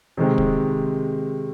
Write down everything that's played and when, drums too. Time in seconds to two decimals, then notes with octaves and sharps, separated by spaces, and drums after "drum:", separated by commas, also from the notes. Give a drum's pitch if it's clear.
0.17 C3 D#3 G#3 C4
0.38 drum: kick